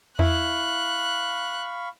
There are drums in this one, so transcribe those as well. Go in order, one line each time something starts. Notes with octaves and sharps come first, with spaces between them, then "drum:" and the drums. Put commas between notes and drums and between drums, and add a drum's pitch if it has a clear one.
E4 F5 B5 C#6 F#6, drum: tom E2